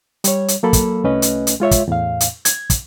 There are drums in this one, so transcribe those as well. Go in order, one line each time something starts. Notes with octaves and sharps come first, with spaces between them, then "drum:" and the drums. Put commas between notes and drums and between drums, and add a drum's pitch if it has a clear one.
G3 C#5, drum: hi-hat
drum: hi-hat
F#3 A#3 A4 B5
drum: kick, hi-hat
C2 A3 C#4 B4 D#5
drum: hi-hat
drum: hi-hat
G#3 F4 C#5 E5
drum: kick, hi-hat
E2 A2 F5
drum: hi-hat
G#6, drum: hi-hat
drum: kick, hi-hat